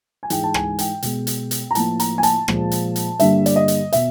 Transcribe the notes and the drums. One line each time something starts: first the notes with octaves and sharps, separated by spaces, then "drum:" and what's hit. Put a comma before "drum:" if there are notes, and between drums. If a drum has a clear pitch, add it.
G#5
G#2 E3 G#3 G5, drum: hi-hat
A5
G#5, drum: rim click
G5, drum: hi-hat
B2 G#3, drum: hi-hat
drum: hi-hat
drum: hi-hat
A#5
A2 F3 A#3 A5, drum: hi-hat
A#5, drum: hi-hat
G#5
A5, drum: hi-hat
A#2 F3 G#3, drum: rim click
drum: hi-hat
drum: hi-hat
G2 D3 G3 A#3 E5, drum: hi-hat
D5, drum: hi-hat
D#5
drum: hi-hat
B2 E5, drum: hi-hat